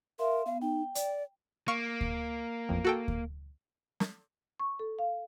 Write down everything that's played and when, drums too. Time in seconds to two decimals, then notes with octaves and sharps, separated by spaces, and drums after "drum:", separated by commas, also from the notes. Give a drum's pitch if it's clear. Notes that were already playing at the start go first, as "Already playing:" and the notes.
0.19 A#4 E5 F5 C6
0.46 B3 F5
0.62 D#4 G5
0.95 D5, drum: hi-hat
1.68 A#3 F5 C#6
2.01 drum: kick D2
2.69 A1 F2
2.85 F#4 A4 G5
3.08 drum: kick D2
4.00 drum: snare
4.60 C#6
4.79 A4
4.99 F5